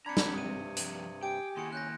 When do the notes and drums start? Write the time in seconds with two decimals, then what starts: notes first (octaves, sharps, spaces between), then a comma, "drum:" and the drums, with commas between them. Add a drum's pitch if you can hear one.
0.06 C4 D4 A#5 B5 G#6 C#7
0.17 drum: snare
0.34 G2 C3 D#6 D#7
0.76 F3 C4 B4, drum: hi-hat
1.23 G4 G5 G#5 D7
1.57 D#3 A#3 E4 F#4 G#4 C6 C#7
1.73 C#4 F#6 G6 A#6